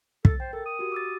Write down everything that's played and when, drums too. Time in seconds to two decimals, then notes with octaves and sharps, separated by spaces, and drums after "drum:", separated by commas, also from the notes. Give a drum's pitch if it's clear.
0.25 A4 A6, drum: kick
0.40 C5 G5
0.53 A4 A#4
0.65 D#6
0.79 F#4 G4
0.92 D6 E6 A6